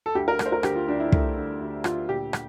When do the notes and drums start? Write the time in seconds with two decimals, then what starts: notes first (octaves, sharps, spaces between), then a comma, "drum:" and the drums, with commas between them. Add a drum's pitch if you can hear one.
0.06 A4
0.15 D2 G4
0.28 A#4
0.39 A3, drum: rim click
0.46 C5
0.52 A#4
0.63 D3 G4, drum: rim click
0.76 F4
0.87 D2 D4
1.00 E4
1.12 A3, drum: kick
1.37 D3
1.61 D2
1.84 D3 F4, drum: rim click
2.08 A#2 G4
2.33 drum: rim click